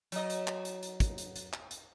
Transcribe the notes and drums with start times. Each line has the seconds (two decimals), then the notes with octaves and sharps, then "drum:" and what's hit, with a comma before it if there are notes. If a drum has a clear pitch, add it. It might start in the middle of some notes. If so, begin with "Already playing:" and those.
0.12 F#3 D#5, drum: hi-hat
0.30 drum: hi-hat
0.47 drum: clap
0.65 drum: hi-hat
0.83 drum: hi-hat
1.00 drum: kick, hi-hat
1.18 drum: hi-hat
1.36 drum: hi-hat
1.53 drum: clap
1.71 drum: hi-hat